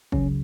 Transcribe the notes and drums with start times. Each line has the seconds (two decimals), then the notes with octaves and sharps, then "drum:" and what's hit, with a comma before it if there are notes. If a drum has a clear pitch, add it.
0.12 C#2 C#3 F#3 C#4, drum: kick